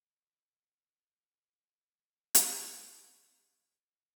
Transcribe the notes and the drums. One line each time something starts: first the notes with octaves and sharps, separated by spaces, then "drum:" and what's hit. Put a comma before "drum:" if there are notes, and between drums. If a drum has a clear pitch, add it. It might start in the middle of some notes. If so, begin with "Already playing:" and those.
Already playing: D#4
F4
F4
G#4
D#4
drum: hi-hat